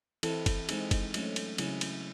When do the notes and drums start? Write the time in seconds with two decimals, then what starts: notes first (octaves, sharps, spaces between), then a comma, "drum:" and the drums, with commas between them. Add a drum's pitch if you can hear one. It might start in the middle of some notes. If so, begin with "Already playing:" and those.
0.23 E3 C4 E4 A4, drum: cymbal
0.46 drum: kick, cymbal
0.69 G#3 C4 D#4 G#4, drum: cymbal
0.91 drum: kick, cymbal
1.14 F#3 A3 C#4, drum: cymbal
1.36 drum: cymbal
1.58 C#3 F#3 C4 E4 G#4, drum: cymbal
1.81 drum: cymbal